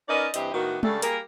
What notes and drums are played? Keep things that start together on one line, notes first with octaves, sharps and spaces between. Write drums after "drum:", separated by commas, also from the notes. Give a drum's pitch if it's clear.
C#4 D#4 A#4 B4 D5 D#5
G2 E3 C4 G4 D#5 E5, drum: hi-hat
A2 D#3 A#3 B3 F#4
C#3 G3 A3 D4 A4, drum: tom
G3 A#3 G4 G#4 A#4, drum: hi-hat